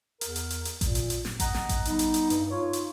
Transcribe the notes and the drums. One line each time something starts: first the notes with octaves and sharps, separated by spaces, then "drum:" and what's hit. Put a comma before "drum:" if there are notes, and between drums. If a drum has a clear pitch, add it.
E2 A#4, drum: hi-hat
drum: hi-hat
drum: hi-hat
drum: hi-hat
A#2, drum: kick A1, hi-hat
drum: hi-hat
drum: hi-hat
drum: snare
D#5 F#5 A#5, drum: kick A1, hi-hat
drum: snare
drum: kick A1, hi-hat
G3 B3 D#4, drum: hi-hat
drum: hi-hat
drum: hi-hat
G2, drum: hi-hat
D#4 F4 C#5
drum: hi-hat